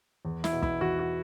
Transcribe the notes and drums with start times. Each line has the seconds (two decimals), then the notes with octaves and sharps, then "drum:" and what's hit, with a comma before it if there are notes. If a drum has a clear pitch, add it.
0.25 E2
0.44 E4, drum: snare
0.52 B2
0.63 E4, drum: kick
0.80 E2 F#4
0.99 F#4